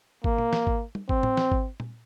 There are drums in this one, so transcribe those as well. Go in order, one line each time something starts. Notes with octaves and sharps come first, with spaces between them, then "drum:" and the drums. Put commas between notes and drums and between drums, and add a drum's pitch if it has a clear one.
A#3, drum: kick G#1
drum: tom A#2
drum: snare
drum: kick G#1
drum: tom
C4, drum: kick G#1
drum: tom A2
drum: snare
drum: kick G#1
drum: tom A#2